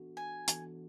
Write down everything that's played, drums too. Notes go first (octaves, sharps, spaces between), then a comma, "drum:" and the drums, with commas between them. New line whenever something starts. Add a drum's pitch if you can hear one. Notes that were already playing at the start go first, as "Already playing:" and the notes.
Already playing: E3 B3 D4 F#4 A4
G#5
E3 B3 D4 F#4 A4, drum: hi-hat